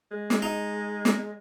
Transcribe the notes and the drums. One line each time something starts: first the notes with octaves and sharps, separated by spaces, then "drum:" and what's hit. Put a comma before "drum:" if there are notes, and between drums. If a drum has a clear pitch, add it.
G#3
drum: snare
D#4
drum: snare